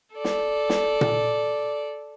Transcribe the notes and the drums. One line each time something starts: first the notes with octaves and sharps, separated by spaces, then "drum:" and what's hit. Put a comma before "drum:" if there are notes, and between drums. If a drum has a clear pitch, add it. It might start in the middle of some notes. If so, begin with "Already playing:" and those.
A4 D5
drum: snare
drum: snare
drum: tom A#2